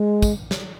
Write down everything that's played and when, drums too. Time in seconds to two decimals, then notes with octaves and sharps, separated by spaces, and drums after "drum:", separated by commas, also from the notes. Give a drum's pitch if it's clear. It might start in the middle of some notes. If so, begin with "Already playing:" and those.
Already playing: G#3
0.22 drum: kick, tambourine
0.51 drum: snare